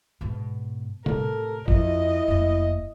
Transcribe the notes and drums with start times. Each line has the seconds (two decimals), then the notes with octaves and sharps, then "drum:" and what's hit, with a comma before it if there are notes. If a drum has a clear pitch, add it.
0.21 G#2 B2
1.06 A2 C3 A4 A#4, drum: tom C3
1.68 F2 E4 D#5, drum: kick G1
2.28 F1 A#3